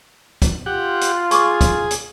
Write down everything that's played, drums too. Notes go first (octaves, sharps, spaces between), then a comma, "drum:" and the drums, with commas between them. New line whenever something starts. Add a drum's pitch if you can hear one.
drum: kick, hi-hat
F4 G4 F#5
drum: hi-hat
G#4 C#6 D6, drum: hi-hat
drum: kick, hi-hat
drum: hi-hat